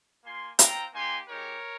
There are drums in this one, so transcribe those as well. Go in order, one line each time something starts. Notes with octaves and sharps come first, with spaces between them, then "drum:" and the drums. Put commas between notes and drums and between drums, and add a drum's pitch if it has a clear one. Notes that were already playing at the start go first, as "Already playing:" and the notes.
A#3 F4 G#5 C6
C4 F4 G5 A#5, drum: hi-hat
A#3 D#4 G4 G#5 C6
G#3 D#4 G4 A#4 C#5